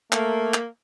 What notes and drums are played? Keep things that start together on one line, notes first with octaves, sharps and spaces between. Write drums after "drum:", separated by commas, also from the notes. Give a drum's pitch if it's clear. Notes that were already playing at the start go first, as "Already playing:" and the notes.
A3 A#3, drum: clap
drum: clap